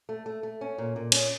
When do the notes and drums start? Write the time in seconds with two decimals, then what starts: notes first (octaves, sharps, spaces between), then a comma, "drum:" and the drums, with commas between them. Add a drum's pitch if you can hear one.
0.09 A3
0.26 A3
0.43 A3
0.61 C#4
0.78 A#2
0.96 A#2
1.12 C#4, drum: cymbal